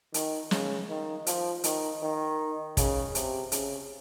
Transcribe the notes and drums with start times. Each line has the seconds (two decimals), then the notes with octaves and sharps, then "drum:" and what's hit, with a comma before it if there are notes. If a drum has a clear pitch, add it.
0.14 D#3, drum: hi-hat
0.51 C#3, drum: snare
0.90 D#3
1.27 F3, drum: hi-hat
1.64 D#3, drum: hi-hat
2.02 D#3
2.77 C#3, drum: kick, hi-hat
3.15 C3, drum: hi-hat
3.52 C#3, drum: hi-hat